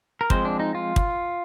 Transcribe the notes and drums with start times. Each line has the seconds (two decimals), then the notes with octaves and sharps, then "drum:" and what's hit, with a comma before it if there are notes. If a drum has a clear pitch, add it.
0.21 A#4
0.30 F3 G#3 C4 C5, drum: kick
0.45 D4
0.60 D#4
0.75 F4
0.96 drum: kick